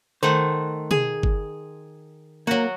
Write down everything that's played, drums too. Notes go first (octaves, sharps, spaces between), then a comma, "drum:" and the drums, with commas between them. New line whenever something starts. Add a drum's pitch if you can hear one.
D#3 A3 C5 F#5
G#4, drum: tom
drum: kick G1
F#3 A#3 F#4